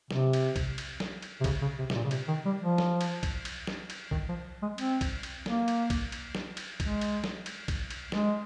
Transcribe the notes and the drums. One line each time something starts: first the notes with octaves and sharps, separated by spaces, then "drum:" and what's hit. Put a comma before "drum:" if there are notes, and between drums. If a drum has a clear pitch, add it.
C3, drum: snare
drum: cymbal
drum: kick B1, cymbal
drum: cymbal
drum: snare
drum: cymbal
C3
C#3, drum: kick B1, cymbal
C#3
C3
C3, drum: snare
A#2
C#3
C3, drum: cymbal
D#3
G3
F3
drum: snare
drum: cymbal
drum: kick B1, cymbal
drum: cymbal
drum: snare
drum: cymbal
D#3, drum: kick B1
F3
G#3
C4, drum: cymbal
drum: kick B1, cymbal
drum: cymbal
A#3, drum: snare
drum: cymbal
drum: kick B1, cymbal
drum: cymbal
drum: snare
drum: cymbal
G#3, drum: kick B1, cymbal
drum: cymbal
drum: snare
drum: cymbal
drum: kick B1, cymbal
drum: cymbal
G#3, drum: snare